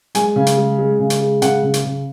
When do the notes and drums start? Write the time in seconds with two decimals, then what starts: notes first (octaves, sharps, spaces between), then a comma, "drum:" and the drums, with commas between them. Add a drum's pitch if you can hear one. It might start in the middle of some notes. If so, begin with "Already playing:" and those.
0.15 G#3 G#5, drum: hi-hat
0.36 C#3
0.46 drum: hi-hat
0.57 G#3
0.78 G#3
0.99 C#3
1.10 drum: hi-hat
1.20 G#3
1.42 C#3 F#5, drum: hi-hat
1.63 C#3
1.74 drum: hi-hat
1.84 C#3